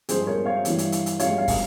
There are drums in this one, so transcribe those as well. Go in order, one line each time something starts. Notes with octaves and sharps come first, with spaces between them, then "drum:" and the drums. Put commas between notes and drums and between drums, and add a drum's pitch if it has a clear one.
G2 F3 G#3 G#4 C5, drum: hi-hat
A#4 C#5
C#5 F5
G2 E3 G3, drum: hi-hat
drum: hi-hat
drum: hi-hat
drum: hi-hat
G2 F3 G#3 C#5 F5, drum: hi-hat
C#5 F5
drum: kick, open hi-hat